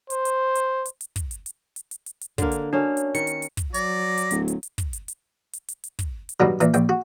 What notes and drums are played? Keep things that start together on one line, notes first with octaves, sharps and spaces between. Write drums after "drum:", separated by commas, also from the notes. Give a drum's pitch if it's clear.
C5, drum: hi-hat
drum: hi-hat
drum: hi-hat
drum: hi-hat
drum: hi-hat
drum: kick, hi-hat
drum: hi-hat
drum: hi-hat
drum: hi-hat
drum: hi-hat
drum: hi-hat
drum: hi-hat
D3 A#3, drum: kick, hi-hat
drum: hi-hat
A#3 C#4 D4 F#4
drum: hi-hat
D#3 C#7, drum: hi-hat
drum: hi-hat
drum: hi-hat
drum: kick, hi-hat
F#3 D5 A#6, drum: hi-hat
drum: hi-hat
D1, drum: hi-hat
drum: hi-hat
drum: hi-hat
drum: kick, hi-hat
drum: hi-hat
drum: hi-hat
drum: hi-hat
drum: hi-hat
drum: hi-hat
drum: kick, hi-hat
drum: hi-hat
G2 B2 D#3 F#3
A#2 E3, drum: hi-hat
A#1 G5, drum: hi-hat
F#4